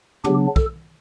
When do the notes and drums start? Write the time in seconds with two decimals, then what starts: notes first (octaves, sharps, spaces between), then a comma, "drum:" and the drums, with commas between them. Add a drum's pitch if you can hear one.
0.24 C#3 F#3 B3 D4 G4, drum: tom
0.56 A4, drum: kick